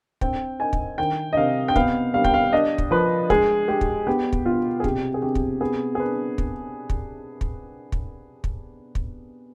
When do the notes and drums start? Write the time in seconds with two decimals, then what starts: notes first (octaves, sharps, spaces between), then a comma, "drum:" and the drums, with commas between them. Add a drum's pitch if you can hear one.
0.21 C4 G5, drum: kick
0.60 D#4 G#5
0.73 drum: kick
0.98 D#3 G5
1.33 D#5
1.37 C3 F5
1.68 G5
1.76 B3 F5, drum: kick
2.14 G3 F5
2.24 G5, drum: kick
2.34 F5
2.52 D4 D#5
2.78 drum: kick
2.91 F3 B4
3.30 G#3 G#4, drum: kick
3.68 G#3 G4
3.81 drum: kick
4.07 B3 G4
4.33 drum: kick
4.45 B2 F4
4.80 G#4
4.84 C3 G4, drum: kick
5.14 G#4
5.22 C3 G4
5.35 drum: kick
5.61 B3 G#4
5.95 G#4
6.00 D4 B4
6.38 drum: kick
6.90 drum: kick
7.41 drum: kick
7.92 drum: kick
8.44 drum: kick
8.95 drum: kick